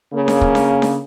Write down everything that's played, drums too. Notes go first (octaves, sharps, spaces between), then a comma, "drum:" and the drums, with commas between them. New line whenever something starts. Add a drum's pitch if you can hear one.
C#3 A#3
drum: snare D4
drum: kick
drum: snare D4
drum: snare D4